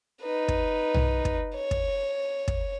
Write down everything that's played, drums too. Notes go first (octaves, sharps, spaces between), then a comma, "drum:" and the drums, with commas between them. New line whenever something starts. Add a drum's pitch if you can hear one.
D#4 B4
drum: kick
drum: tom
drum: kick
C#5
drum: kick
drum: kick